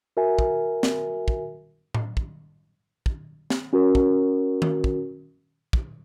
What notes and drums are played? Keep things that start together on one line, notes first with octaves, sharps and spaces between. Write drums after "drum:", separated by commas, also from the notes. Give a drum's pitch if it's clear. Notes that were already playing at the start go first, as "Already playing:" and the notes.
F#4 A#4 E5 G#5
drum: kick
drum: snare
drum: kick
drum: tom A2
drum: kick
drum: kick
drum: snare
C#4 F#4 A#4
drum: kick
drum: tom D#3
drum: kick
drum: kick